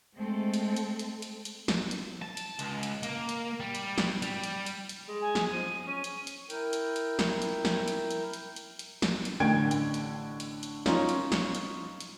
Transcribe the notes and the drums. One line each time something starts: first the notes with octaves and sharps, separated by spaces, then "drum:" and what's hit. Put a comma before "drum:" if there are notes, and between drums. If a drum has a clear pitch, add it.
G#3 A3 C4 A4
drum: hi-hat
drum: hi-hat
drum: hi-hat
drum: hi-hat
drum: hi-hat
drum: snare
drum: hi-hat
A5
drum: hi-hat
C#2, drum: hi-hat
drum: hi-hat
A#3, drum: hi-hat
drum: hi-hat
G3
drum: hi-hat
drum: snare
G3, drum: hi-hat
drum: hi-hat
drum: hi-hat
drum: hi-hat
G#3
G#5
drum: snare
F3 D#7
C#4
drum: hi-hat
drum: hi-hat
E4 A#4 G5, drum: hi-hat
drum: hi-hat
drum: hi-hat
drum: snare
drum: hi-hat
drum: snare
drum: hi-hat
drum: hi-hat
drum: hi-hat
drum: hi-hat
drum: hi-hat
drum: snare
drum: hi-hat
A1 A2 D3 G5 G#6 D7
drum: hi-hat
drum: hi-hat
drum: hi-hat
drum: hi-hat
C#4 D#4 F4, drum: snare
drum: hi-hat
drum: snare
drum: hi-hat
drum: hi-hat